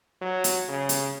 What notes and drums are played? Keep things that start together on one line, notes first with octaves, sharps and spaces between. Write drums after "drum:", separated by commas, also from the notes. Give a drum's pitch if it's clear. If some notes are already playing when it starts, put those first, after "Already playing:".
F#3
drum: hi-hat
C#3
drum: hi-hat